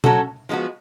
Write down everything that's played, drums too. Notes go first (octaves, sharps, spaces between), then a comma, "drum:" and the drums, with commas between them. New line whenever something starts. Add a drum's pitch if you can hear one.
F#3 C#4 F#4 A4, drum: tom B2
F3 G#3 B3 D4 F#4